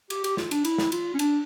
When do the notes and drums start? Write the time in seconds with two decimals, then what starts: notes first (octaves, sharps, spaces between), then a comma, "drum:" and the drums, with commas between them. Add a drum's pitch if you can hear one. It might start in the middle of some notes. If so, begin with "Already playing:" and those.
0.10 G4, drum: cymbal
0.24 G4, drum: cymbal
0.37 F4, drum: snare
0.51 D4, drum: cymbal
0.65 E4, drum: cymbal
0.78 drum: snare
0.92 F4, drum: cymbal
1.14 C#4
1.19 D4, drum: cymbal